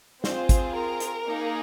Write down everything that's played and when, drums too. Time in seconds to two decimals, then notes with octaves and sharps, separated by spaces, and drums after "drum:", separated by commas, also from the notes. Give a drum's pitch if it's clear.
0.24 C4 F4 G#4 C5, drum: snare
0.49 drum: kick G#1, hi-hat
0.75 A#4
1.00 drum: hi-hat
1.25 A#3 D#4 G#4